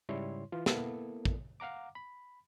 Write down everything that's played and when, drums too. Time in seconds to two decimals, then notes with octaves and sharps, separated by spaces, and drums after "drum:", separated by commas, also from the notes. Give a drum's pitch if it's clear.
0.09 G#2 C#3 G3 E4 C#5 C6
0.52 E3 F4
0.66 A#3 B3 E4 A4 A#4, drum: snare
1.25 drum: kick
1.60 F5 F#5 A#5 D6
1.95 B5